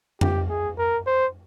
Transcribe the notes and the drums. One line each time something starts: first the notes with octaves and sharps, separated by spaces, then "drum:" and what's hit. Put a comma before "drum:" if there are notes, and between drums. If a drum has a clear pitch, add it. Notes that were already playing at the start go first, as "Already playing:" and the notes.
G4, drum: tom F2
G#4
A#4
C5